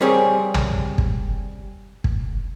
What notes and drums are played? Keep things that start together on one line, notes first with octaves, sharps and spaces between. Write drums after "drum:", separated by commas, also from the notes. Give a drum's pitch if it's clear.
G3 C4 G4 G#4 A#4 C#5
drum: tom
drum: kick
drum: kick